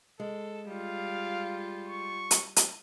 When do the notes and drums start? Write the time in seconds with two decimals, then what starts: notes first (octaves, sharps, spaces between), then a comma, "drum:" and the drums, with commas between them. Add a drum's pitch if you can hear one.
0.20 G#3 A4
0.68 G3 F4 F5
1.88 C#6
2.31 drum: hi-hat
2.56 drum: hi-hat